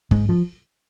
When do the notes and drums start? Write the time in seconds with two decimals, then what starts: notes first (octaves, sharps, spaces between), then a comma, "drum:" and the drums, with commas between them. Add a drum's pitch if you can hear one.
0.11 G#2 G#3, drum: kick
0.29 F3